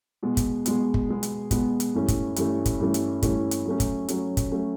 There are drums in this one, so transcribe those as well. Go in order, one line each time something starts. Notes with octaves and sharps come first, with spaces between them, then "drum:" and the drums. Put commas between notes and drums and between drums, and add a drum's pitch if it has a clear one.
B2 G#3 B3
drum: kick, hi-hat
B2 G#3 B3, drum: hi-hat
drum: kick
B2 G#3 B3
drum: hi-hat
B2 G#3 B3, drum: kick, hi-hat
drum: hi-hat
G2 E3 A3 C#4
drum: kick, hi-hat
G2 E3 A3 C#4, drum: hi-hat
drum: kick, hi-hat
G2 E3 A3 C#4
drum: hi-hat
G2 E3 A3 C#4, drum: kick, hi-hat
drum: hi-hat
F#3 A3 C#4
drum: kick, hi-hat
F#3 A3 C#4, drum: hi-hat
drum: kick, hi-hat
F#3 A3 C#4